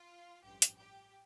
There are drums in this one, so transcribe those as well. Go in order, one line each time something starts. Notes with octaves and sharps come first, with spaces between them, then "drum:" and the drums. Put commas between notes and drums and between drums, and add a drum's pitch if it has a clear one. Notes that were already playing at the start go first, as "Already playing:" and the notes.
Already playing: F4
A1 G2 F3 G4
drum: hi-hat
G4